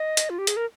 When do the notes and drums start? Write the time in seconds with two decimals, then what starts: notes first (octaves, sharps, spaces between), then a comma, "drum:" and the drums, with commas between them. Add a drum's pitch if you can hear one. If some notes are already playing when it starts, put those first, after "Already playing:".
Already playing: D#5
0.17 drum: hi-hat
0.30 F4
0.38 G4
0.47 G#4, drum: hi-hat
0.57 A#4